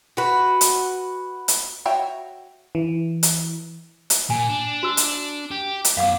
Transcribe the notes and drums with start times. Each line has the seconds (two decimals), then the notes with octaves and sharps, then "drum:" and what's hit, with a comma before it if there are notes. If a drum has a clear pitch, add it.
0.17 F#4 B4
0.61 drum: hi-hat
1.48 drum: hi-hat
1.86 F#4 C#5 E5 G5
2.75 E3
3.23 drum: hi-hat
4.10 drum: hi-hat
4.30 A#2 G#5
4.50 D4
4.83 F#4 E6
4.97 drum: hi-hat
5.51 G4
5.85 drum: hi-hat
5.97 F#2 B2 F5 F#5 D6